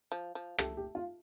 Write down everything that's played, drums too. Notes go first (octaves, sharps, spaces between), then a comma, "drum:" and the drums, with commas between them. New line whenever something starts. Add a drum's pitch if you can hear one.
F3
F3
A3 G4, drum: rim click
G4
F4